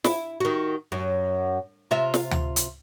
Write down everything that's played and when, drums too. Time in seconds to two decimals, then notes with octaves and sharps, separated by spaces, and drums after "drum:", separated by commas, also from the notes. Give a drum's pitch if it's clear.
0.04 E4, drum: snare
0.40 D#3 F#4
0.92 F#2
1.91 C3 F4 E5
2.14 drum: snare
2.31 drum: tom D2
2.56 drum: hi-hat